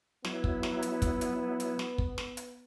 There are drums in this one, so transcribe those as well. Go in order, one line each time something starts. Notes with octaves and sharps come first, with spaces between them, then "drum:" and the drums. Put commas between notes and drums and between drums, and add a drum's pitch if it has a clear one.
F#3 B3 E4, drum: snare
drum: kick
drum: snare
drum: hi-hat
drum: kick, hi-hat
drum: hi-hat
drum: hi-hat
drum: snare
drum: kick
drum: snare
drum: hi-hat